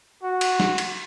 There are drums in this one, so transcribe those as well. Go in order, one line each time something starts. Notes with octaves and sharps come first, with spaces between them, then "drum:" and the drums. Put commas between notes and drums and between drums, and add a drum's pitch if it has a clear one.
F#4
drum: cymbal
drum: snare
drum: cymbal